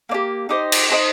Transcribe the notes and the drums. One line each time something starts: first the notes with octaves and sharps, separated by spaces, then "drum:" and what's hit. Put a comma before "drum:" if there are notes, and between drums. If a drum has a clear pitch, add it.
A#3 D4
G4
D#4 G4 C5 D#5
drum: cymbal
D#4 G4 C5 D#5